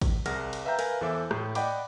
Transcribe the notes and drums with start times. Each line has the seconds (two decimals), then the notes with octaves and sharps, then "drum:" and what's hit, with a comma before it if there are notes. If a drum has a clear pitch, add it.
0.01 drum: kick, cymbal
0.26 C2 G#4 A#4 F#5 F6 A#6, drum: cymbal
0.53 drum: cymbal
0.65 B4 E5 F5 G5 A#5 G6
0.79 A#4 B4 F5 G#5, drum: cymbal
1.01 E2 E3 A4 C5 E5 D6
1.31 A2, drum: rim click
1.55 D5 D#5 F#5 G5 B5 D6, drum: cymbal